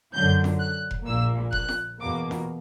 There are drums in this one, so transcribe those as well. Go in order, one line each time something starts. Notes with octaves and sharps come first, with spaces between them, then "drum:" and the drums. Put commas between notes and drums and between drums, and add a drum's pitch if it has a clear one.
F#2 D3 F#3 G6
drum: snare
F#6
drum: kick F1
A#1 A#2 A#3 E6
F#6, drum: kick F1
drum: snare
E2 B2 A#3 D6
drum: snare